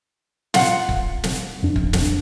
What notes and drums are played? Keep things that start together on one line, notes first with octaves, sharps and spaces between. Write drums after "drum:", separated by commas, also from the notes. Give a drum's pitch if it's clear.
F4 F#5, drum: snare
drum: kick
drum: snare
F2 D4
drum: kick
drum: snare